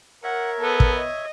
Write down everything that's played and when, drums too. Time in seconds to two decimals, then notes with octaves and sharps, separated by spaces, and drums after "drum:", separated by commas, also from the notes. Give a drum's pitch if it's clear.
0.24 A#4 C#5 E5 F#5
0.60 B3 A4
0.80 drum: kick
0.95 D#5